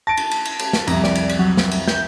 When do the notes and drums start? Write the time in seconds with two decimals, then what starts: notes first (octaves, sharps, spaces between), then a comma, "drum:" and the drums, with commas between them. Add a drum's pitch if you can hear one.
0.07 A5 A#6 D7
0.17 drum: cymbal
0.31 drum: cymbal
0.45 drum: cymbal
0.59 drum: cymbal
0.73 drum: snare
0.87 C2 F2 A#5, drum: cymbal
1.04 D5, drum: snare
1.15 drum: cymbal
1.29 drum: cymbal
1.39 F#3
1.57 drum: snare
1.71 drum: cymbal
1.88 G6, drum: snare